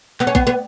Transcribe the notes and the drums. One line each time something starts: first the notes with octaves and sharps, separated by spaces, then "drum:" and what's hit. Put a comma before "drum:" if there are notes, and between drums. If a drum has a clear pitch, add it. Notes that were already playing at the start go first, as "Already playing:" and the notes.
B3, drum: clap
C#4
B3, drum: kick A#1
B3